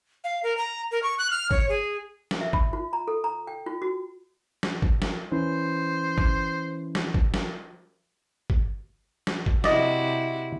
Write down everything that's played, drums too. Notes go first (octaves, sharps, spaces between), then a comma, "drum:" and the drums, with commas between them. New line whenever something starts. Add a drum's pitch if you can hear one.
F5
A#4
A#5
A#4
C#6
F#6
F6
C#5, drum: kick G1
G#4
drum: snare
E5
B5, drum: kick G1
F4
A#5
A4
A#5
G5
F4
F#4
drum: snare
drum: kick G1
drum: snare
E3 C#4 E4 C5
drum: kick G1
drum: snare
drum: kick G1
drum: snare
drum: kick G1
drum: snare
drum: kick G1
C3 E4 F#4 D5 D#5, drum: snare